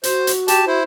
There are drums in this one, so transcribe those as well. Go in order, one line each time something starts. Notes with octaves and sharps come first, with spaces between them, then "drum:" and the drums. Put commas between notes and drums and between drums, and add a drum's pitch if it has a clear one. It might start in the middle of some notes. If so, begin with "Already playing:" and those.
F#4 C5, drum: hi-hat
drum: hi-hat
G4 A5, drum: hi-hat
E4 C5